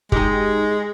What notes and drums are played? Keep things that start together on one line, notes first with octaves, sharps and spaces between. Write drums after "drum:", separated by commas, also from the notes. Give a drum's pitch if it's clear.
G#3 D#4 G4, drum: kick